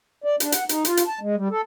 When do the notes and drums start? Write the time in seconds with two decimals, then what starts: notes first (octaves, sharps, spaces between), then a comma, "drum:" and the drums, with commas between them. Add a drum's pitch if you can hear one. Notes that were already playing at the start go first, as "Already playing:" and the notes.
0.24 D5
0.40 D4, drum: hi-hat
0.52 F#5, drum: hi-hat
0.69 D#4, drum: hi-hat
0.85 F4, drum: hi-hat
0.97 drum: hi-hat
1.07 A5
1.21 G#3
1.36 G3
1.51 A4